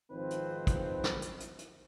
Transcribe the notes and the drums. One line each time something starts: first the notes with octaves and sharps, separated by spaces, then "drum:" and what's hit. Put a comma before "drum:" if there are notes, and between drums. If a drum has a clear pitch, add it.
G#1 D#3 F3 C4 B4 C5
drum: hi-hat
drum: kick, hi-hat
drum: snare
drum: hi-hat
drum: hi-hat
drum: hi-hat